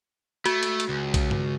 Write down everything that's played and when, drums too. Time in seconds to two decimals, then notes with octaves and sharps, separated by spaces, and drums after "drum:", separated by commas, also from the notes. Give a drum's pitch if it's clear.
0.46 A3 F#4, drum: cymbal
0.63 drum: cymbal
0.80 drum: cymbal
0.89 C#2
1.14 drum: kick B1, cymbal
1.31 drum: tom G2